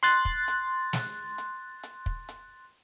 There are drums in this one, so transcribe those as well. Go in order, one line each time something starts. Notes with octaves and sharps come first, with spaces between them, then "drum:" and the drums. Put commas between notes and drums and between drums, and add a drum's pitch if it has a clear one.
C6 F#6 A6, drum: hi-hat
drum: kick
drum: hi-hat
drum: snare
drum: hi-hat
drum: hi-hat
drum: kick
drum: hi-hat